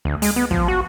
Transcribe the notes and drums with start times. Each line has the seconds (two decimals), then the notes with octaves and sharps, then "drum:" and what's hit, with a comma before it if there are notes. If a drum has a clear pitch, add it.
0.05 D2
0.22 G#3, drum: open hi-hat
0.36 B3
0.51 F3, drum: kick
0.68 F#4